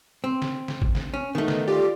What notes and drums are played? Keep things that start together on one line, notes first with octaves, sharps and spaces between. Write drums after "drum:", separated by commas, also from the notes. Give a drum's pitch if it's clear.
C4
drum: snare
drum: snare
drum: kick
drum: snare
C#4
D#3 A3 B3 D#4
drum: snare
F4 G4 D5